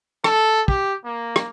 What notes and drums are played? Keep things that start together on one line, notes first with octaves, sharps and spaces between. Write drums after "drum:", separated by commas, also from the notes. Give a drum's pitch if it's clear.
A4, drum: rim click
G4, drum: kick
A#3
drum: rim click